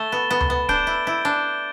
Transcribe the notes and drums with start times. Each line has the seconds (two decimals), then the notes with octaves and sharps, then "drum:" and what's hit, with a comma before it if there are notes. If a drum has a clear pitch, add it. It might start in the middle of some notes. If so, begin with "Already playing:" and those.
Already playing: A3 A6 E7 G7
0.12 B3
0.31 B3
0.40 drum: tom C#2
0.50 B3
0.69 D4 G6 D7 G7, drum: kick
0.87 E4
1.07 E4
1.25 D4